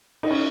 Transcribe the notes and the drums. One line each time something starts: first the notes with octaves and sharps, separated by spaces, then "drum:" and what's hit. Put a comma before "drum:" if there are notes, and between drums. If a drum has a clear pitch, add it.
D#4, drum: cymbal
C#4